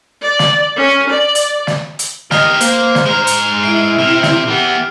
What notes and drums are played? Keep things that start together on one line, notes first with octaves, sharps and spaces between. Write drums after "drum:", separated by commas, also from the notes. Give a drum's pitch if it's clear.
D5
drum: snare
C#4
D5
drum: hi-hat
drum: snare
drum: hi-hat
G4 A#4 D#5 F6 C7, drum: snare
A#3 C5, drum: hi-hat
drum: snare
G#3 A#5 F6
drum: hi-hat
E4 E5 C7 D7
C3 F6
drum: snare
E3 B3 G4